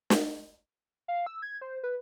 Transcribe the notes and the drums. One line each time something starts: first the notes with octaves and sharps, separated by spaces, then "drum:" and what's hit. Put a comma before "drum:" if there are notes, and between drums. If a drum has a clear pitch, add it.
drum: snare
F5
E6
G#6
C5
B4